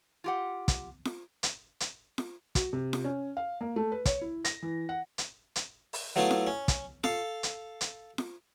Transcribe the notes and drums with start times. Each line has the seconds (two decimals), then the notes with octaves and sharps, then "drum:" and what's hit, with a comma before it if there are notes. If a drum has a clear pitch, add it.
0.24 F4 G4 F#5
0.68 drum: kick, hi-hat
1.05 drum: snare F4
1.43 drum: hi-hat
1.80 drum: hi-hat
2.18 drum: snare F4
2.55 F#4, drum: kick, hi-hat
2.73 C3
2.93 drum: snare F4
3.04 C#4
3.37 F5
3.61 A#3
3.76 A3
3.92 B4
4.05 C#5, drum: kick, hi-hat
4.21 E4
4.45 A#6, drum: hi-hat
4.63 E3
4.89 F#5
5.18 drum: hi-hat
5.56 drum: hi-hat
5.93 drum: open hi-hat
6.16 F#3 A3 B3 E4 F4
6.31 drum: snare F4
6.47 C#4
6.68 drum: kick, hi-hat
7.04 A4 F5, drum: snare F4
7.43 drum: hi-hat
7.81 drum: hi-hat
8.18 drum: snare F4